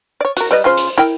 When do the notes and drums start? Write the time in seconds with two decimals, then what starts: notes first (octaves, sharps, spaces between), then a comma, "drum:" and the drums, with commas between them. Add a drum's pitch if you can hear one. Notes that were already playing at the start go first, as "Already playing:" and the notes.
0.21 C#5 D5
0.37 F#4 A#4, drum: hi-hat
0.51 G3 B4 D#5
0.64 C#3 F4 C5
0.78 drum: hi-hat
0.98 E4 A#4 G5